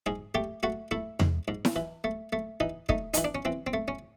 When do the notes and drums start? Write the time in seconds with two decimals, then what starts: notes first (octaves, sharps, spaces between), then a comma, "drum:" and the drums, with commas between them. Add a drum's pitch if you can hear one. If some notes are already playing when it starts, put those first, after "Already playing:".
0.06 G#2 G#4
0.35 A3 G4
0.63 A3 F#4
0.91 A3 E4
1.20 G#2, drum: tom E2
1.48 G#2
1.65 drum: snare E4
1.76 E3
2.04 A3
2.33 A3
2.60 E3 D#4
2.89 A3 D#4, drum: kick
3.14 E3 D#4, drum: hi-hat
3.24 D4
3.35 C#4
3.45 E3 C4
3.67 C4
3.73 A3
3.88 C#4